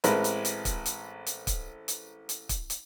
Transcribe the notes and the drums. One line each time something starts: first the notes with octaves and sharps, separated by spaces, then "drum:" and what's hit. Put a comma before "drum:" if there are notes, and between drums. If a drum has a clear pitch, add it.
A1 G#3 C4 A#4 B4, drum: hi-hat
drum: hi-hat
drum: hi-hat
drum: kick, hi-hat
drum: hi-hat
drum: hi-hat
drum: kick, hi-hat
drum: hi-hat
drum: hi-hat
drum: kick, hi-hat
drum: hi-hat